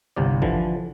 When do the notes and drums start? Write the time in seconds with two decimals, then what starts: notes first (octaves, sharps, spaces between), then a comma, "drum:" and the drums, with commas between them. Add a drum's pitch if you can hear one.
0.16 G1 C2 C3 D5
0.42 D3 E3 F3, drum: kick G#1